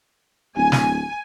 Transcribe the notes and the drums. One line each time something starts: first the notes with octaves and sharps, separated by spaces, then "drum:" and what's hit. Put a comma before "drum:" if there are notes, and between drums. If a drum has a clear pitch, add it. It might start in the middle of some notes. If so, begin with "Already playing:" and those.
D1 G#5
drum: snare